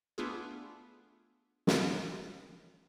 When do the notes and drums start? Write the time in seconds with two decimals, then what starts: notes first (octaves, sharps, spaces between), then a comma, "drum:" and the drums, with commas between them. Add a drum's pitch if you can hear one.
0.18 A3 B3 D4 F4 G#4
1.67 drum: snare